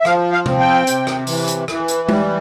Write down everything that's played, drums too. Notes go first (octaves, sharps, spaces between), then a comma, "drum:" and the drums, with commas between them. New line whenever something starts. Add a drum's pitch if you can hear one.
E5
F3 F5, drum: rim click
F5
C4, drum: tom C3
G5
C3, drum: hi-hat
drum: rim click
E3, drum: open hi-hat
drum: hi-hat
E3, drum: rim click
drum: hi-hat
G3, drum: tom G#3